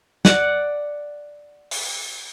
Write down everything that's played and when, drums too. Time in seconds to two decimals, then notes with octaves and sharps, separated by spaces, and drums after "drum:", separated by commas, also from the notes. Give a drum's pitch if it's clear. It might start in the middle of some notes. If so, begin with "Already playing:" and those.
0.25 D5 F#5, drum: snare
1.71 drum: open hi-hat